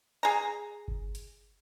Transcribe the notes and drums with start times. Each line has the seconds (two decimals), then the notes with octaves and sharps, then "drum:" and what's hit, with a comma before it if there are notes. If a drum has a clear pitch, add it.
0.23 G#4 A#5
0.88 drum: kick G1
1.15 drum: hi-hat